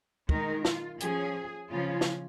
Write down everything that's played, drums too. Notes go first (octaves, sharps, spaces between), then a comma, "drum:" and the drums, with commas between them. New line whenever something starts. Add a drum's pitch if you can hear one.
D#3 G#3 D#4 A#4, drum: kick
F4, drum: snare
F3 C#4 G#4, drum: hi-hat
C#3 F3 C#4 F4
drum: snare